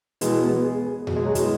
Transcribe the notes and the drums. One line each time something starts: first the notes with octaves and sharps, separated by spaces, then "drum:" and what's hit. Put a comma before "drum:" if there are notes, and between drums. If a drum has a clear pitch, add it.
B2 E3 G#3, drum: hi-hat
B3
G#4
G#4
B2, drum: tom E2
G#3
F#3 G#4
E3 G#3, drum: hi-hat